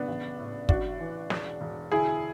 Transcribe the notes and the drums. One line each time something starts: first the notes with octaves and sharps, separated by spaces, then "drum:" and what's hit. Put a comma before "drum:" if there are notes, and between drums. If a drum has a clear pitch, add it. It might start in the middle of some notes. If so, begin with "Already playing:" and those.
Already playing: F#1 B3 D4
A1
A2
A1 D4 F#4, drum: kick
E3
E1, drum: snare
E1
D2 E4 G#4